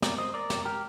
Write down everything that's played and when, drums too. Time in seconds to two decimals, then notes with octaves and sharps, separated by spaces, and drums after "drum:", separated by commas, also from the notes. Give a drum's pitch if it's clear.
0.02 A#4 D5, drum: snare
0.18 C5 D#5
0.34 A#4 D5
0.50 drum: snare
0.65 G4 A#4